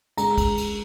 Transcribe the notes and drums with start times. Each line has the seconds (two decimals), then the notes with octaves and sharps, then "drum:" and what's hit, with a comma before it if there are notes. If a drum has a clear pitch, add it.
0.17 G#3 A#5, drum: cymbal
0.38 drum: kick, cymbal
0.57 drum: cymbal